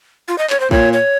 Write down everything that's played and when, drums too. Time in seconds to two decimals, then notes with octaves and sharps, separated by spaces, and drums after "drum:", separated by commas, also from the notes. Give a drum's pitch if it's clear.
0.28 F4
0.38 D#5
0.50 C#5, drum: clap
0.60 C5
0.71 A#2 C#5, drum: kick
0.93 C#5